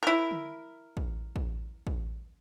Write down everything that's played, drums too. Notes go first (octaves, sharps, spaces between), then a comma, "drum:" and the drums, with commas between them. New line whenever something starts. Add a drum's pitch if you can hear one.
E4 A#4
drum: tom D3
drum: kick A1
drum: kick A1
drum: kick A1